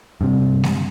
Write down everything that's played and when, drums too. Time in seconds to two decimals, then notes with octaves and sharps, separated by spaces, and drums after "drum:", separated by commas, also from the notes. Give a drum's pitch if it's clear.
0.21 G2 C3
0.64 drum: snare